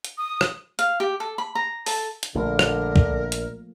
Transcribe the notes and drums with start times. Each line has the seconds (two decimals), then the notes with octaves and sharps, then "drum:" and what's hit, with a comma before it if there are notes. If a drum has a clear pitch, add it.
0.05 drum: hi-hat
0.18 D#6
0.41 drum: rim click
0.79 F5, drum: hi-hat
1.00 G4
1.20 A4
1.38 B5
1.55 A#5
1.86 A4, drum: open hi-hat
2.23 drum: hi-hat
2.35 A#1 D3 F3 A3 A#3 A#4
2.59 drum: rim click
2.96 drum: kick
3.32 drum: hi-hat